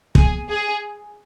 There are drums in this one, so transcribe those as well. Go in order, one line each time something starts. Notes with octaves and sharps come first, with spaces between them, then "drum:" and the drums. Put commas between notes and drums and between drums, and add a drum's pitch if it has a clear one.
G#4, drum: kick
G#4